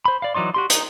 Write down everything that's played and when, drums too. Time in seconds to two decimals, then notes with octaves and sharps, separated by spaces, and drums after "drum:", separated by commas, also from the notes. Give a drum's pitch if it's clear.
0.05 C5 B5
0.22 D5 F5
0.34 E3 F#3 D#4 D5 C6
0.54 F#4 G4 C6
0.70 D#4, drum: hi-hat